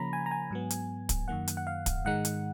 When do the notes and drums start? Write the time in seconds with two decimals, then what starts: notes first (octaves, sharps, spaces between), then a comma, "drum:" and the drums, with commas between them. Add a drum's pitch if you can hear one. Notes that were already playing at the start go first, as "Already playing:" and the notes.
Already playing: C#3 F3 A#3 C#4 A#5 B5
0.13 G#5
0.26 A#5
0.31 G#5
0.51 G#2 F#3 B3
0.70 drum: hi-hat
1.09 drum: kick, hi-hat
1.28 F#2 D#3 A#3 F#5
1.48 drum: hi-hat
1.57 F#5
1.67 F5
1.86 drum: kick, hi-hat
2.05 G#2 D#3 G#3 D#4 F#5
2.25 drum: hi-hat